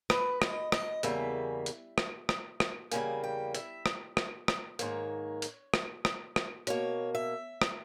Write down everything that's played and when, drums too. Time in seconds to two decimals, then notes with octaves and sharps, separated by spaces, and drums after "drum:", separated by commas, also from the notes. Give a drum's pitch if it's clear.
0.10 B4, drum: rim click
0.42 D#5, drum: rim click
0.72 D#5, drum: rim click
1.03 E2 C#3 G3 A#3 E5, drum: hi-hat
1.66 drum: hi-hat
1.98 drum: rim click
2.29 drum: rim click
2.60 drum: rim click
2.92 E2 C#3 G3 A#3 G#5, drum: hi-hat
3.24 G5
3.55 E5, drum: hi-hat
3.86 drum: rim click
4.17 drum: rim click
4.48 drum: rim click
4.79 G#2 D#3 A#3 C#5, drum: hi-hat
5.42 drum: hi-hat
5.74 drum: rim click
6.05 drum: rim click
6.36 drum: rim click
6.67 B2 A#3 C#5, drum: hi-hat
7.15 E5
7.62 drum: rim click